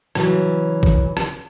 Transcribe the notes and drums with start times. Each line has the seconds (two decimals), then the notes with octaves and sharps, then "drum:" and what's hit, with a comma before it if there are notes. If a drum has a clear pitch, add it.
0.15 C#3 E3 F#3, drum: rim click
0.83 drum: kick
1.17 drum: rim click